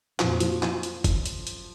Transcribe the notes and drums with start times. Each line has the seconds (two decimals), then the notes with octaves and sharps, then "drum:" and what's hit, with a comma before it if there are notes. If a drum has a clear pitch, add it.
0.20 F2 A#2 F3, drum: clap
0.40 F3, drum: hi-hat
0.63 F3, drum: clap
0.83 drum: hi-hat
1.04 drum: kick, hi-hat
1.26 drum: hi-hat
1.47 drum: hi-hat